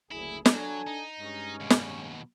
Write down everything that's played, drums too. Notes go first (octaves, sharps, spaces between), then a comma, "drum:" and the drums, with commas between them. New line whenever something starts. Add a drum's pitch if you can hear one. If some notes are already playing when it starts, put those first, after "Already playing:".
F#1 D2 E4 G#4
F#3 D4 A4 G#5, drum: snare
D#4
G2 G#3 C#4
D#2 B2
drum: snare